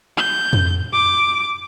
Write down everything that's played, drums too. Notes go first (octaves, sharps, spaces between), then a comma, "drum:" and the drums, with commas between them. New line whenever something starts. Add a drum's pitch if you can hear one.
G6
drum: tom F2
D6